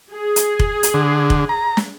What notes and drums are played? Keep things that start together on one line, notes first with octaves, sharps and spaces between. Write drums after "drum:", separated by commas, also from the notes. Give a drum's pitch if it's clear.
G#4
drum: hi-hat
drum: kick F1
drum: hi-hat
D3
drum: kick F1
A#5
drum: snare